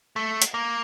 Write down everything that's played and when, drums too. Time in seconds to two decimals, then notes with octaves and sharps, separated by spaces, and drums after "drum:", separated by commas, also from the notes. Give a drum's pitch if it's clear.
0.16 A3
0.42 drum: hi-hat
0.54 A#3